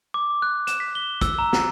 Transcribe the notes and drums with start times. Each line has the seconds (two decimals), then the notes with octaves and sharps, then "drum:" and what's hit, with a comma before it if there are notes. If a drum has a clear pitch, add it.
0.14 D6
0.42 F#6
0.67 E7, drum: hi-hat
0.80 B6
0.95 G7
1.21 E6, drum: kick, hi-hat
1.39 A#5
1.53 drum: snare